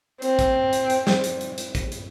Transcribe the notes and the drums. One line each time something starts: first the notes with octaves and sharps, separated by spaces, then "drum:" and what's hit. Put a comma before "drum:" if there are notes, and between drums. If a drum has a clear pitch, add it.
C4, drum: hi-hat
drum: kick, hi-hat
drum: hi-hat
drum: hi-hat
drum: snare
drum: hi-hat
drum: hi-hat
drum: hi-hat
drum: kick, hi-hat
drum: hi-hat